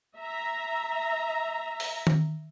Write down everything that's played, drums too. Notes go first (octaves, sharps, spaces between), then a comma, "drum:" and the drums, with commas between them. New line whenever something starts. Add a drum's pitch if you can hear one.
E5 A#5
drum: open hi-hat
drum: tom D#3